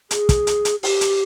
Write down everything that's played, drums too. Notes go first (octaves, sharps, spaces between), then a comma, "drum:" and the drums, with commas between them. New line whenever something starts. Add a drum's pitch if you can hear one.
G#4, drum: hi-hat
drum: kick, hi-hat
drum: hi-hat
drum: hi-hat
G4, drum: open hi-hat
drum: hi-hat